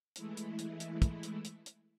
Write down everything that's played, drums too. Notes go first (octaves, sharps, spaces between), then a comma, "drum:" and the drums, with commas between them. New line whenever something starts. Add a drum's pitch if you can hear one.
E3 G#3 A3 E4, drum: hi-hat
drum: hi-hat
drum: hi-hat
drum: hi-hat
drum: kick, hi-hat
drum: hi-hat
drum: hi-hat
drum: hi-hat